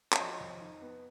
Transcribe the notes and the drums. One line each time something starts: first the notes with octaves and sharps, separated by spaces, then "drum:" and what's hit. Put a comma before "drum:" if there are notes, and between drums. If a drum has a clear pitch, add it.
C#5, drum: clap
F3 D#5
F2
D#4
B3